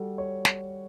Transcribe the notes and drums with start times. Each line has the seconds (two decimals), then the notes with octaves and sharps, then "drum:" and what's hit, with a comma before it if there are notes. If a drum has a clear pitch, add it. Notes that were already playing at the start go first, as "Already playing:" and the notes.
Already playing: G3 F#4 A4
0.18 C#5
0.45 drum: snare